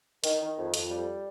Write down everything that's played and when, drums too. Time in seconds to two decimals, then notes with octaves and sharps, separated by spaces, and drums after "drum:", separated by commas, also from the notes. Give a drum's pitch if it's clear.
0.24 D#3, drum: hi-hat
0.40 D#3
0.57 F2
0.74 F2, drum: hi-hat
0.90 G3